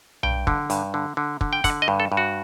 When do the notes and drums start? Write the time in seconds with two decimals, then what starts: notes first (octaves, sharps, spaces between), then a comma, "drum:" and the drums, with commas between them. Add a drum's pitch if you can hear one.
0.23 G2 G5, drum: tom B1
0.47 D3, drum: kick
0.70 G2, drum: hi-hat
0.94 D3
1.17 D3
1.41 D3, drum: kick
1.53 G5
1.64 D3 F#5, drum: kick, hi-hat
1.82 D#5
1.88 G2
2.00 A4
2.12 G2
2.17 F#4